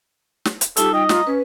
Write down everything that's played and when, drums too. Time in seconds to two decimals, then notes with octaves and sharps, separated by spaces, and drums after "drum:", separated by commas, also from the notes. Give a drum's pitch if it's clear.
0.45 drum: snare
0.61 drum: hi-hat
0.76 G3 D#4 F4 G4 A4, drum: hi-hat
0.94 D#5 G5
1.09 F4 A#5, drum: snare
1.27 C#4 B4